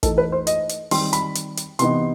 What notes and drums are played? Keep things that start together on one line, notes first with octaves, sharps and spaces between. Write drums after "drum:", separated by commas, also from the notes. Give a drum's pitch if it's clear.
E3 A3 D#4 A4, drum: kick, hi-hat
B4
C5
D#5, drum: hi-hat
drum: hi-hat
D#3 G3 C4 C6, drum: open hi-hat
B5, drum: hi-hat
drum: hi-hat
drum: hi-hat
C3 E3 B3 D#4 C6, drum: hi-hat